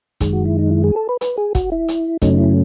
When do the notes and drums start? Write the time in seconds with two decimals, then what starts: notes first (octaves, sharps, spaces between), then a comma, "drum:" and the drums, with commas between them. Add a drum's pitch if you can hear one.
0.21 F#2 D#3 G#3, drum: kick, hi-hat
0.33 F#4
0.45 E4
0.59 D#4
0.71 E4
0.84 G#4
0.96 A4
1.09 B4
1.21 B4, drum: hi-hat
1.38 G#4
1.55 F#4, drum: kick, hi-hat
1.72 E4
1.88 drum: hi-hat
2.22 F#2 C#3 F#3 A3 C#4 D#4, drum: kick, hi-hat
2.34 D#4
2.38 E4